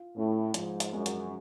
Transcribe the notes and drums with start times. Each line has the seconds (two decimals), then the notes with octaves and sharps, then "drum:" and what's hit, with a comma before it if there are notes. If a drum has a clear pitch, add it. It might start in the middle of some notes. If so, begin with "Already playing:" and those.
Already playing: F4
0.16 A2 C#4
0.54 G#2 F3, drum: hi-hat
0.80 drum: hi-hat
0.93 F#2 G#3
1.06 drum: hi-hat